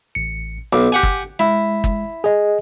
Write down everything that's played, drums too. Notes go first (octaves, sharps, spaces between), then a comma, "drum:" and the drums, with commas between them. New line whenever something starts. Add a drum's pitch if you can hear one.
A1 C#7
B1 D6
G4 F#5 G#5
drum: kick
G#3 E4
drum: kick
G#4 D#5